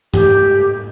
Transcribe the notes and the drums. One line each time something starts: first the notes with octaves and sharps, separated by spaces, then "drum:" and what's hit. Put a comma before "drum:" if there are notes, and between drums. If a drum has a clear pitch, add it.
G4, drum: tom G2